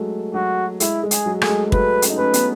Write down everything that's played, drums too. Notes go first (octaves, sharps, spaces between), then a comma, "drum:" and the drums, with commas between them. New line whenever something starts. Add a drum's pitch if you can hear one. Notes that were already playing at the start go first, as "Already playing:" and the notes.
Already playing: F#3 G#3 A3
F#3 F#4
G#3 E4, drum: hi-hat
G#3
G#4, drum: hi-hat
F#3
A3 G#4, drum: rim click
G#3
F#3 A3 B4, drum: kick
C#4, drum: hi-hat
D#4
A3 C#4 B4
B3 D#4, drum: hi-hat